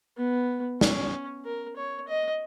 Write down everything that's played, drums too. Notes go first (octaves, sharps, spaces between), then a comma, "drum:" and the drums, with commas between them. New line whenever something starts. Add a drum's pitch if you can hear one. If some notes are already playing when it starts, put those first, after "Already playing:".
B3
C#4, drum: snare
A#4
C#5
D#5